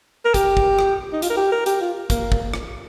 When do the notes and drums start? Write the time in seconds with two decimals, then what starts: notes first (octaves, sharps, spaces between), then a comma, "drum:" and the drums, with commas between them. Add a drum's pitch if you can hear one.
0.25 A#4
0.34 G4, drum: kick, hi-hat
0.57 drum: kick
0.79 drum: rim click
1.13 D#4
1.22 F4, drum: hi-hat
1.30 A#4
1.37 G4
1.52 A#4
1.66 G4, drum: hi-hat
1.81 F4
2.10 A#3, drum: kick, hi-hat
2.32 drum: kick
2.54 drum: rim click